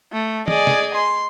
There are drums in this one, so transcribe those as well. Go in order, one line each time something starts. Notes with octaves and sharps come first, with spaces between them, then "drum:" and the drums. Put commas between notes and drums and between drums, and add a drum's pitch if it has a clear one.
A3
G#4 D5 D#5 G#5, drum: tom
drum: snare
C6